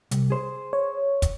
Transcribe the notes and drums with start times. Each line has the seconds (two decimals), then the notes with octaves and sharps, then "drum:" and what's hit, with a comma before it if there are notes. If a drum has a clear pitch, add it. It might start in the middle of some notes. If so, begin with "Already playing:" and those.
0.11 C2, drum: hi-hat
0.30 G#4 C5
0.73 C#5
1.22 drum: kick, hi-hat